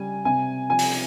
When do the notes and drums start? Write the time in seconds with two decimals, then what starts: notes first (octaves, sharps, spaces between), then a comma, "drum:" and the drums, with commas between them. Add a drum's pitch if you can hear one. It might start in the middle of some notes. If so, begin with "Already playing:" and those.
Already playing: C#3 G3 G#5
0.25 C3 G#5
0.69 F3 G#5
0.79 drum: open hi-hat